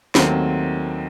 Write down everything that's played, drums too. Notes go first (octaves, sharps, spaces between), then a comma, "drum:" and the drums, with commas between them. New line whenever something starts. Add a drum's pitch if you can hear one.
D#2 D#3 F#3 A3 C4, drum: snare